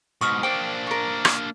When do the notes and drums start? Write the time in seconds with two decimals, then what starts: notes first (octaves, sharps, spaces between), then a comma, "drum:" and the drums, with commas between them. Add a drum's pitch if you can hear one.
0.21 G#2 B2 C#6 D#6 F6
0.43 A#3 D4 C5 G5 D6
0.87 A#4 C#6
1.25 drum: rim click